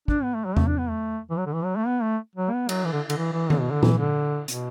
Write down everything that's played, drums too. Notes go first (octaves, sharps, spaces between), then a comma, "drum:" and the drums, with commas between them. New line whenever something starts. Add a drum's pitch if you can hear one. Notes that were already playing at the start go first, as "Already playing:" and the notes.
D4, drum: kick
B3
A3
F#3
A3, drum: tom E2
D4
B3
A3
E3
F#3
D3
E3
F#3
A3
B3
A3
F#3
B3
F#3, drum: cymbal
E3
D3
D3, drum: cymbal
E3
E3
D3, drum: tom D#3
B2
D3
E3, drum: tom A#2
D3
B2, drum: hi-hat